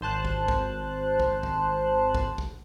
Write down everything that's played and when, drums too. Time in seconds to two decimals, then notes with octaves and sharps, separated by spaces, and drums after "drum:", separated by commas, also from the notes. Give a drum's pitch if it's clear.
0.01 G#1 C5 A5 F#6
0.25 drum: kick
0.48 drum: kick
1.20 drum: kick
1.43 drum: kick
2.15 drum: kick
2.38 drum: kick